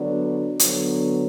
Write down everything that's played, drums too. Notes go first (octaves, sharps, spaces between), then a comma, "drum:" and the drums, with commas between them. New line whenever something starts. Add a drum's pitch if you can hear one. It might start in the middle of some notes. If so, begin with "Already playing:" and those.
Already playing: D3 F#3 B3 D4
D3 F#3 B3, drum: hi-hat